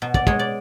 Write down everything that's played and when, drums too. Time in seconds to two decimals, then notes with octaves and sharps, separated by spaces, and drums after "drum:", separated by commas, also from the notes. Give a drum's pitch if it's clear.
0.02 B2
0.14 D5, drum: kick
0.27 G#3 C#5, drum: kick
0.39 D5